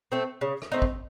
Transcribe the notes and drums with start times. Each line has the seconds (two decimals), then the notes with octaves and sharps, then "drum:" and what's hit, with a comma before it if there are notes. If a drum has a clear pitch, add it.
0.12 A3 C4
0.41 C#3
0.62 drum: rim click
0.72 A3 C4 D#4
0.82 drum: kick